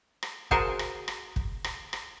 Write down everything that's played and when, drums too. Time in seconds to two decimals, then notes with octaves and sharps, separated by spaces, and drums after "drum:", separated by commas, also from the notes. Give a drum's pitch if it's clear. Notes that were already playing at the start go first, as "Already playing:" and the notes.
0.23 drum: rim click
0.51 F#4 G#4 A#4 C5 G#5 A5, drum: kick
0.79 drum: rim click
1.08 drum: rim click
1.36 drum: kick
1.64 drum: rim click
1.93 drum: rim click